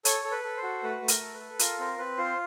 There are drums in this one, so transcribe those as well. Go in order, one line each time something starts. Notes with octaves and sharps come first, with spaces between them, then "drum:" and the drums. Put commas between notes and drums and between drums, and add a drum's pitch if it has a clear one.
A4 C#5, drum: hi-hat
A4
B4
A4
C5
F#4
A3 B4
A3
A#4, drum: hi-hat
A4
B4
A4
F4 A#4, drum: hi-hat
C4 A#4
C4 B4
F4 C5